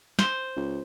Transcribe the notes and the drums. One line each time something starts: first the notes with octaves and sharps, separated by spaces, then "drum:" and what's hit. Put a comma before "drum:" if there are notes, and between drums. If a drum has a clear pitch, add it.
C5, drum: snare
C#2